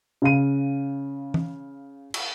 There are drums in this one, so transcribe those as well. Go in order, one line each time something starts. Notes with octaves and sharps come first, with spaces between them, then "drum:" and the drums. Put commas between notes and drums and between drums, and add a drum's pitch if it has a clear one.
C#3 F5 D#7
drum: tom E3
drum: cymbal